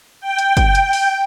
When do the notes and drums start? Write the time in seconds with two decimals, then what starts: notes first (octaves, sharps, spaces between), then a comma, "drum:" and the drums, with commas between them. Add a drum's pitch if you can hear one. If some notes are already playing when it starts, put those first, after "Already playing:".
0.20 G5
0.38 drum: hi-hat
0.57 drum: kick, hi-hat
0.75 drum: hi-hat
0.93 drum: open hi-hat